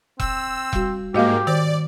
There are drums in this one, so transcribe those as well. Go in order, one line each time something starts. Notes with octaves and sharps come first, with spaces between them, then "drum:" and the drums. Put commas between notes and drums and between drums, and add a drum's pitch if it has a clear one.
C4 E6, drum: kick E1
G3 F#4, drum: kick E1
G#2 A#3 F#4 G4 D#5 F5
D#3 C5 D5